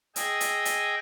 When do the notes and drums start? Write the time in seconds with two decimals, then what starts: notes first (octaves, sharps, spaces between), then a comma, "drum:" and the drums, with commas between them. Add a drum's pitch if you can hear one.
0.16 G#4 D#5 G5 G#5 E6, drum: hi-hat
0.41 drum: hi-hat
0.65 drum: hi-hat